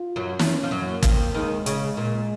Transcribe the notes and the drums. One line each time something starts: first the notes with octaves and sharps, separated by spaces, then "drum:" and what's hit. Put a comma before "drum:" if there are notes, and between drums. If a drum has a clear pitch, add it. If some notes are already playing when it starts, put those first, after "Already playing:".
Already playing: F4
F#2 F#3
C#4, drum: snare
F3
F#2 F#3
A#3
F2 F3, drum: kick, hi-hat
D#2 D#3 G#3
C#3, drum: hi-hat
A#2